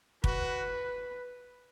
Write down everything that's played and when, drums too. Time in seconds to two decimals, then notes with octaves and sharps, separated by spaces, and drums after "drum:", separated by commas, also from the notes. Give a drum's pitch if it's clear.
0.24 F#4 B4, drum: kick